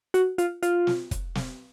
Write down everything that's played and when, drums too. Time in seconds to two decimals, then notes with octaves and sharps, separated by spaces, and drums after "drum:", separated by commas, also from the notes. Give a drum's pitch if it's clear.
0.14 F#4, drum: hi-hat
0.38 F4, drum: hi-hat
0.63 F4, drum: hi-hat
0.87 drum: snare
1.11 drum: kick, hi-hat
1.35 drum: snare